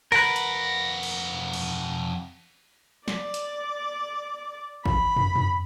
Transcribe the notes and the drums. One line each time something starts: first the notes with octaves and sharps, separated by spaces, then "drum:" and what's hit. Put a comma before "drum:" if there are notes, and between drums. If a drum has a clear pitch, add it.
F2 A#4 B4 F#5, drum: open hi-hat
drum: hi-hat
drum: cymbal
drum: cymbal
D5, drum: snare
drum: hi-hat
B5, drum: kick A1
drum: tom
drum: tom